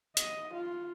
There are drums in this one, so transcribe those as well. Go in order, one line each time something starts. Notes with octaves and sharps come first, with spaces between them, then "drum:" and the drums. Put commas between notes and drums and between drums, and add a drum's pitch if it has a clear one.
D#5, drum: hi-hat
F4